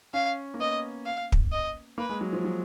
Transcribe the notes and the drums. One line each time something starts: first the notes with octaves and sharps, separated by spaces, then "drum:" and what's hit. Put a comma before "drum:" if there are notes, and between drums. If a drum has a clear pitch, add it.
C#4 F5
A#3
B3 D#5
F5
drum: kick
D#5
A#3 B4
G#3
F#3
F3
F#3